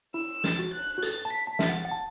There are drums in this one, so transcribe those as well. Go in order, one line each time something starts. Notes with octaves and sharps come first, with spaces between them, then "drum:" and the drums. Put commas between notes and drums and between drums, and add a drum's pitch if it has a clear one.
E4 E6
A6, drum: snare
F#4
F#6
F#4
A4 A6, drum: hi-hat
A5
B6
A5
E5 A6, drum: snare
F#5
F#5
A5